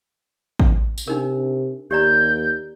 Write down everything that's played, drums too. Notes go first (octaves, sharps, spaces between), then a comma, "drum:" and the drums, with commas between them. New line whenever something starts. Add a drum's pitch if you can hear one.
drum: kick A1
drum: tambourine
C3 D4 D#4 A#4
D#2 G4 D5 A#5 G6